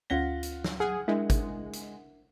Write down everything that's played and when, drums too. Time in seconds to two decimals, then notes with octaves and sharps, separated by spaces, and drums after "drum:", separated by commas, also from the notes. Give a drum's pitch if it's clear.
0.10 D2 C#4 F4 F#5 A#6 B6 G7
0.43 drum: hi-hat
0.64 drum: snare
0.80 G#4 F#5 F6
1.08 G#3 D4 E4 A#4 E5
1.30 drum: kick G#1, hi-hat
1.73 drum: hi-hat